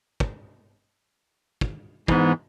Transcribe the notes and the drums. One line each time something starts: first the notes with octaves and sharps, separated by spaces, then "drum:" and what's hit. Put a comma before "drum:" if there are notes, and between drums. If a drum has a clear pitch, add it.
drum: kick
drum: kick
G#2 E3 B3, drum: kick